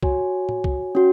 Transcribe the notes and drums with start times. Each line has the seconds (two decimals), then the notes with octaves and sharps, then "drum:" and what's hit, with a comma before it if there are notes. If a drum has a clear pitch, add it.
0.03 F#4 C#5 G#5, drum: kick
0.49 drum: tom
0.64 drum: kick
0.95 C#4 F#4